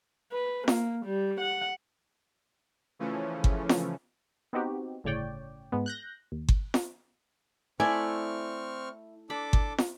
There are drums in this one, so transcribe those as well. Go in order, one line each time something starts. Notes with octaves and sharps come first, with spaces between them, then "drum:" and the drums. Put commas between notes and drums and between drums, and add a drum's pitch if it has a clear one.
B4
A#3, drum: snare
G3
F#5
C#3 E3 F3 A3 C#4
drum: kick G1
drum: snare
B3 C4 D#4 F#4 G4
G1 A2 C#3 C#5 D5 G5
G#2 G#3 B3
F#6 G6 A#6
D#2
drum: kick G1
drum: snare
A3 C4 E4 D5 G#5 C#6 F6
D4 A4 B5 D6
drum: kick G1
drum: snare